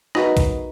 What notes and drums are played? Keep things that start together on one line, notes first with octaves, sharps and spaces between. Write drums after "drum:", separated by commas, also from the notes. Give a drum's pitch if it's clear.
D#4 F#4 B4 B5 D#6, drum: rim click
drum: kick, hi-hat